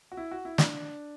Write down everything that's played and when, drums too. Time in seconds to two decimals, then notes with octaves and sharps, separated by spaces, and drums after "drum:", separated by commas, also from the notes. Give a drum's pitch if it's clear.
0.12 F#4
0.17 E4
0.31 F#4
0.45 E4
0.58 D4, drum: snare